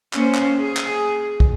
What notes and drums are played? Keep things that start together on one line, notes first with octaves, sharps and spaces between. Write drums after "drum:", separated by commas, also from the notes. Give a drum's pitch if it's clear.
A#3 C#4 C5, drum: clap
drum: clap
G#4
drum: clap
drum: kick